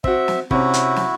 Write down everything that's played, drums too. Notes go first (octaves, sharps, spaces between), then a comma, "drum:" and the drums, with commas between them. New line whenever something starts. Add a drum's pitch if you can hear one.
C4 F#4 E5, drum: kick
drum: snare
C3 C#4 E4 F#4, drum: kick
drum: hi-hat
drum: snare